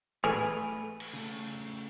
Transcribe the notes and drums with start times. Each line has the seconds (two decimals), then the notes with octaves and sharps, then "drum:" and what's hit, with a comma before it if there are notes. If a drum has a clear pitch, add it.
0.24 A2 E3 A3 G#4 B4 F5
1.00 drum: cymbal
1.13 C#3 A3, drum: tambourine